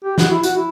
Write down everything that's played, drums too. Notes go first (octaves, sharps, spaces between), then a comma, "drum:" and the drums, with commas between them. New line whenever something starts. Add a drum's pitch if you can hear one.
G4
F#4, drum: snare
E4
F#4, drum: hi-hat
E4